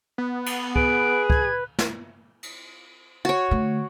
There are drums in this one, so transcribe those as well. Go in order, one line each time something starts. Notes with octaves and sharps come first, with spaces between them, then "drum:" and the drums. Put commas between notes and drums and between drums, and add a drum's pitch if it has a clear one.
B3
drum: cymbal
G#4 B4 D7, drum: kick
G#6, drum: kick
drum: snare
drum: cymbal
F#4 C#5
D3 A3